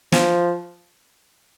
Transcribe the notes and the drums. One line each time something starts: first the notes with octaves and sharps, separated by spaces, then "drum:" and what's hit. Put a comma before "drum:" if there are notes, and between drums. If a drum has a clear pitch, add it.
F3, drum: snare